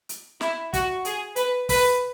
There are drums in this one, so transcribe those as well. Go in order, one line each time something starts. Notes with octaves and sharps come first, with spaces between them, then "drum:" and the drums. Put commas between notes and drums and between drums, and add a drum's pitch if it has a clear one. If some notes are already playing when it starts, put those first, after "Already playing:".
drum: hi-hat
E4, drum: snare
F#4, drum: kick, hi-hat
G#4, drum: hi-hat
B4, drum: hi-hat
B4, drum: kick, open hi-hat